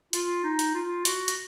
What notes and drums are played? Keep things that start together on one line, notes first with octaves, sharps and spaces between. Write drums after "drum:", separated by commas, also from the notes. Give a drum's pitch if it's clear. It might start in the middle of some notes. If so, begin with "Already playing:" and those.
F4, drum: hi-hat
D#4
drum: hi-hat
F4
F#4, drum: hi-hat
drum: hi-hat